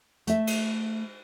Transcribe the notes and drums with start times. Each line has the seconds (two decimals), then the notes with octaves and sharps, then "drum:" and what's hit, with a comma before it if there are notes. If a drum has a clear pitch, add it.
0.27 A3 E5, drum: hi-hat
0.47 drum: cymbal